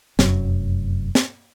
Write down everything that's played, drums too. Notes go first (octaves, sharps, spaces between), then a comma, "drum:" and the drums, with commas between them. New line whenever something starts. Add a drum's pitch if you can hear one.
F1 F#2 F#3, drum: snare
drum: snare